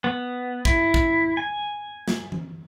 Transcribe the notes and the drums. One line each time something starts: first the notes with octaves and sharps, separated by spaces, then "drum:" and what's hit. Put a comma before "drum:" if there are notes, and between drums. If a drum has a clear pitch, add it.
B3
E4, drum: kick
drum: kick
G#5
drum: snare
drum: tom E3